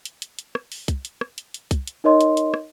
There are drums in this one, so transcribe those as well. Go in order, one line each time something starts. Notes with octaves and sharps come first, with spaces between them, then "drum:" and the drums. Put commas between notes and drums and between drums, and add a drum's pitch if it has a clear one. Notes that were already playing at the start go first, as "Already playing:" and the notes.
drum: hi-hat
drum: hi-hat
drum: hi-hat
drum: rim click
drum: open hi-hat
drum: kick, hi-hat
drum: hi-hat
drum: rim click
drum: hi-hat
drum: hi-hat
drum: kick, hi-hat
drum: hi-hat
D#4 A#4 C#5 D#5 C6
drum: hi-hat
drum: hi-hat
drum: rim click